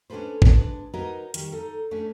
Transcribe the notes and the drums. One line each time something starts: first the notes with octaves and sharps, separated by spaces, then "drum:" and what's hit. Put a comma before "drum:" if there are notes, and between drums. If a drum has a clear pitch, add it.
C#4 D4 F#4 A4 B4 C5
G#3 D4 G#4 B4, drum: kick
D#4 F#4 A#4 B4 C#5 D#5
D#3 G3, drum: hi-hat
D#4 A4
A3 C#4 D4